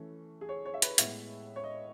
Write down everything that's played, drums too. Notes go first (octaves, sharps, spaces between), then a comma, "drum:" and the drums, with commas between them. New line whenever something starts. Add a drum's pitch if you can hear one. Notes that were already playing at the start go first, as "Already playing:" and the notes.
Already playing: E3 A3 C#4
G#4
C#5
C#5
E5
B4, drum: hi-hat
A2 G#3 B3 E5, drum: hi-hat
C#5
D#5